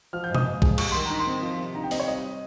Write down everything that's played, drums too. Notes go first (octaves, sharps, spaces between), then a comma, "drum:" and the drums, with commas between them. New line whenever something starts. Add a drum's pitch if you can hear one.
F3 F6
G6
G#2
D#6, drum: tom B2
G#2
G#3, drum: kick
G3 C#6, drum: cymbal
D#3 C6
D#4 A#5
C6
C4
F3
C3
D#4 A#5
G5
C4 D#5, drum: open hi-hat
C#5
G3 D#5